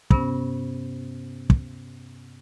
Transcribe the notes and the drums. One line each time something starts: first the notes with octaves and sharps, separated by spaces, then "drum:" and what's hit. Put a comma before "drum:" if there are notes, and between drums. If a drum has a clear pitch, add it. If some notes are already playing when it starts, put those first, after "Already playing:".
G2 C3 B3 C#4, drum: kick
drum: kick